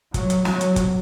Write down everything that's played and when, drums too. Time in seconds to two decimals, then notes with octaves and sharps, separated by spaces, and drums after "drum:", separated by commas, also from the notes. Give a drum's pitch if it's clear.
0.14 F#3, drum: kick, hi-hat
0.30 drum: hi-hat
0.45 F#3, drum: snare
0.61 drum: hi-hat
0.76 drum: kick, hi-hat